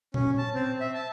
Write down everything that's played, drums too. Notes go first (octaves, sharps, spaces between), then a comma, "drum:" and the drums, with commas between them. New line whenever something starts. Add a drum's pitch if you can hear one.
C#4, drum: tom A#2
A5
C4
E5
A5